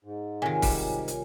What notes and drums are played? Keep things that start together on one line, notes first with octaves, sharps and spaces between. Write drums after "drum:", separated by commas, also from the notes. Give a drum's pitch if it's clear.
G#2
C3 D#3 F4 A#4 C#5 G#5
G3, drum: kick, open hi-hat
drum: hi-hat